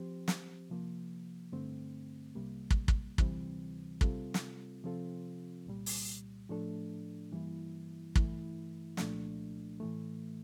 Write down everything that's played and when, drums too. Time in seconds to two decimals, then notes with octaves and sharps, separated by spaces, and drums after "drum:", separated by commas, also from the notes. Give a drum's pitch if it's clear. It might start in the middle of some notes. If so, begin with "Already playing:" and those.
Already playing: F3 C4 G4 C5
0.28 drum: snare
0.70 C3 F3 A#3
1.52 G2 D3 A3 C4
2.35 C2 C3 G3 A#3
2.70 drum: kick
2.88 drum: kick
3.18 D2 C3 E3 G3 C4, drum: kick
4.01 C3 G3 C4 F4 A4, drum: kick
4.34 drum: snare
4.83 C3 F3 C4 F4 A4
5.66 C2 A#2 G3
5.86 drum: open hi-hat
6.49 A2 F3 A3 D4 A4
7.32 G2 E3 G3 A#3 E4
8.15 G2 E3 A3 E4, drum: kick
8.97 C2 A#2 F3 A3 D4, drum: snare
9.80 A2 E3 A3